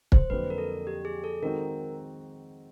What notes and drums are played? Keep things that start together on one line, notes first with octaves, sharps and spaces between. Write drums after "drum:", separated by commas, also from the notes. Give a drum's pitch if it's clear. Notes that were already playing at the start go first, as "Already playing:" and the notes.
C5, drum: kick
F2 D3 F#3 A#3 B4
A#4
A4
G4
G#4
A4
D#3 G#3 C4 D#4 F#4 A#4